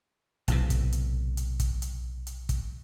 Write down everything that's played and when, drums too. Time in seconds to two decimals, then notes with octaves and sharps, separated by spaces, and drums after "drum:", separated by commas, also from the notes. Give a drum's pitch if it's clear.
0.48 B1 A2 C3, drum: hi-hat
0.70 drum: kick, hi-hat
0.92 drum: hi-hat
1.37 drum: hi-hat
1.60 drum: kick, hi-hat
1.82 drum: hi-hat
2.27 drum: hi-hat
2.49 drum: kick, hi-hat